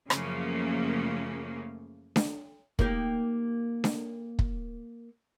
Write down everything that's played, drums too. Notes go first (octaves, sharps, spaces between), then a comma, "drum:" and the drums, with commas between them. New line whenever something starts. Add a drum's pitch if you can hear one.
F#2 C#3 F3 A3 A#3 C#4, drum: rim click
drum: snare D4
A#3 D#4 G4, drum: kick
drum: snare D4
drum: kick